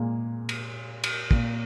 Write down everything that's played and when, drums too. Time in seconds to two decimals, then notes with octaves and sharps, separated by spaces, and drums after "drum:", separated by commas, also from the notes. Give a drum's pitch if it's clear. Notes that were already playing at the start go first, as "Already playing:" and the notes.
Already playing: A#2 G#3 A#3
0.49 drum: cymbal
1.04 drum: cymbal
1.31 A#2 A#3, drum: kick